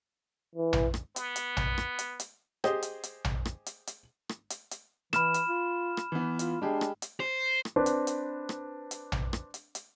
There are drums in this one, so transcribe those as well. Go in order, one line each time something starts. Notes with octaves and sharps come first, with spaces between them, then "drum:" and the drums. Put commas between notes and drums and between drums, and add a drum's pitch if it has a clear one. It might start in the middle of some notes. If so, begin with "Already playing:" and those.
E3
drum: tom A#1
drum: rim click
B3, drum: hi-hat
drum: hi-hat
drum: tom A#1
drum: rim click
drum: hi-hat
drum: hi-hat
G4 G#4 C5 D#5, drum: rim click
drum: hi-hat
drum: hi-hat
drum: tom A#1
drum: rim click
drum: hi-hat
drum: hi-hat
drum: rim click
drum: hi-hat
drum: hi-hat
E3 B5 F6 E7, drum: rim click
drum: hi-hat
F4
drum: rim click
E3 B3
F4, drum: hi-hat
G#3 D4 G4 G#4
drum: rim click
drum: hi-hat
C5
drum: rim click
C4 D4 B4
drum: hi-hat
drum: hi-hat
drum: rim click
drum: hi-hat
drum: tom A#1
drum: rim click
drum: hi-hat
drum: hi-hat